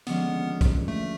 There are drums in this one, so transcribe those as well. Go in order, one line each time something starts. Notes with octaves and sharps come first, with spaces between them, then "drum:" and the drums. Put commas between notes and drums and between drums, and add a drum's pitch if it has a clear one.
D#2 D3 F3 G#3 B3 C#4, drum: hi-hat
drum: kick, hi-hat
A3